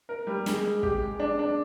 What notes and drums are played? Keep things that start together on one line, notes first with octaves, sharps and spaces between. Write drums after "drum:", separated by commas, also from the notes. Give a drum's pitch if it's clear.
A#4
G3
G#3, drum: snare
G#3
G4, drum: kick
G#3
D4
D4